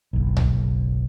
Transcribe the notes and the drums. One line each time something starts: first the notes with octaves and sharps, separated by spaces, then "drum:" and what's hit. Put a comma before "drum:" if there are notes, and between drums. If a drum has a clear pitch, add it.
F#1 B1
drum: tom C2